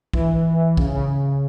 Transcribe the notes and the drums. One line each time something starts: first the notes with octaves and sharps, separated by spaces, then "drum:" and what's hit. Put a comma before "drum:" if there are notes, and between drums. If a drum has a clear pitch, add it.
E3, drum: kick
E3
E3
C#3, drum: kick
C#3